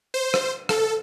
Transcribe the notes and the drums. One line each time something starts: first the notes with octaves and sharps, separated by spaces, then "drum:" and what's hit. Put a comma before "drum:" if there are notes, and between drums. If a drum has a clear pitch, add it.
C5
drum: rim click
A4, drum: rim click